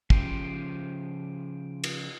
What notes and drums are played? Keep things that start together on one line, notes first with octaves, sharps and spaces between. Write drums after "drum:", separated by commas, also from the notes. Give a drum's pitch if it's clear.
C#3 F3 G4 C5, drum: kick
drum: cymbal